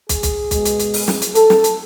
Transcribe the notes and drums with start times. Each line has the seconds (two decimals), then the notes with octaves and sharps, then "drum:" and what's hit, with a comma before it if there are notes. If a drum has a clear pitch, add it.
0.09 G#4, drum: kick, hi-hat
0.23 drum: kick, hi-hat
0.51 B2 G#3 B3, drum: kick, hi-hat
0.65 drum: hi-hat
0.80 drum: hi-hat
0.94 drum: open hi-hat
1.08 drum: snare
1.22 drum: hi-hat
1.35 A4, drum: hi-hat
1.50 drum: snare
1.64 drum: hi-hat